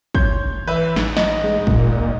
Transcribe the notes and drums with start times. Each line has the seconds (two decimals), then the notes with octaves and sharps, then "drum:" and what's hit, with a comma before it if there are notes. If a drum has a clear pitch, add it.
0.15 C#5 C6 G6, drum: kick
0.68 E3 B4 E5
0.96 A1 G#2, drum: snare
1.17 D#5, drum: snare
1.44 G#3
1.67 D1 A#2, drum: kick